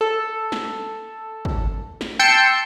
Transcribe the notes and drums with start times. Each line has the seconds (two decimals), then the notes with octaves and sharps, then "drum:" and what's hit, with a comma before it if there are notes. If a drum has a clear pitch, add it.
0.01 A4
0.52 drum: snare
1.45 drum: kick
2.01 drum: snare
2.19 G5 A5 C6 E6 G6 C#7